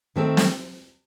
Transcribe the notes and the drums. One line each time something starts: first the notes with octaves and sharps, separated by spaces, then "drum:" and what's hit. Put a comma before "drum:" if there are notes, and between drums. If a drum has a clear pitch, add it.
D#3 A3 C4
drum: snare